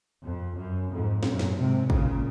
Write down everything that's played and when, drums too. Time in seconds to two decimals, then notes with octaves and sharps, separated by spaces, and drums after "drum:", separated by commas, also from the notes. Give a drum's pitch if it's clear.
0.24 F2
0.57 F#2
0.90 F2 G#2
1.23 F#2 A#2, drum: snare
1.39 drum: snare
1.56 G#2 C3
1.90 A#2 C#3, drum: kick